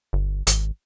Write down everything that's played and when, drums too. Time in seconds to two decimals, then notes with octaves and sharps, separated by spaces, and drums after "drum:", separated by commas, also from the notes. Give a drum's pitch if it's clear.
0.13 G1
0.47 G#1, drum: hi-hat